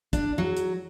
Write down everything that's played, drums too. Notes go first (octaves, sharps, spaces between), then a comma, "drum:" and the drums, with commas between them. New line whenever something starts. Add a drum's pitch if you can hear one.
D4, drum: kick, hi-hat
F#3
drum: hi-hat